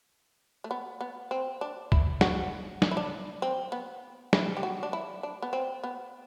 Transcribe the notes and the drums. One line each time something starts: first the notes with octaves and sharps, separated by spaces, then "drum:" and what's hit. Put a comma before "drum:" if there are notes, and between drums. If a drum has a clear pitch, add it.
A3
B3
B3
C4
D4
E4, drum: kick C#2
F#4, drum: snare
drum: snare
E4
D4
C4
B3
E4, drum: snare
G4
F#4
D4
E4
D4
B3
C4
B3